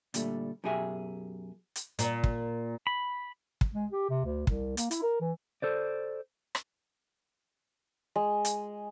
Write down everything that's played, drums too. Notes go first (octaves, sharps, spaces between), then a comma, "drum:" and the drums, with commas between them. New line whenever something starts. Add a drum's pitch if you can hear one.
A#2 D3 G3 A3, drum: hi-hat
F#2 B2 G4 G#4 E5 G#5
drum: hi-hat
A#2, drum: hi-hat
drum: kick
B5
drum: kick
G#3
G4
C3
D2
C2, drum: kick
A#3, drum: hi-hat
E4, drum: hi-hat
A#4
E3
A4 C5 D5
drum: rim click
G#3
drum: hi-hat